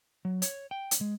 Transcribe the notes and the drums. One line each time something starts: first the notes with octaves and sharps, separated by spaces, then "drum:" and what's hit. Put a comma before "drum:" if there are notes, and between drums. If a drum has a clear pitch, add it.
F#3
C#5, drum: hi-hat
G5
drum: hi-hat
G#3